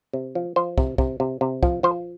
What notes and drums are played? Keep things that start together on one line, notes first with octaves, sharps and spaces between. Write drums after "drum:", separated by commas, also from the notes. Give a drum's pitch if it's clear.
C3
F3
F3 C5
C3, drum: kick
C3, drum: kick
C3
C3
F3, drum: kick
F3 C5